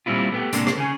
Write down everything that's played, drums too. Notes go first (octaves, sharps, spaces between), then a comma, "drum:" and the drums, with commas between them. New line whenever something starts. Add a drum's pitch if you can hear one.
A#2 G3 C4 E4 F4
A3 B3 G4
A2 C3 G#3 A#3 D4, drum: hi-hat
drum: rim click
C#3 G#4